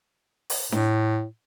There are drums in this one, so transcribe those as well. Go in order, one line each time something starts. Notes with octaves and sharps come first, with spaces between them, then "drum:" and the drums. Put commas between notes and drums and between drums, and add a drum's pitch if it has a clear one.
drum: open hi-hat
A2, drum: snare D4